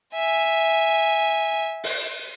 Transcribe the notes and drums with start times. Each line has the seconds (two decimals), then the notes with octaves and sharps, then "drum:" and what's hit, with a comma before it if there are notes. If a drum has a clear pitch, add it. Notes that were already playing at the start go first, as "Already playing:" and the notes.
0.14 E5 G#5
1.84 drum: open hi-hat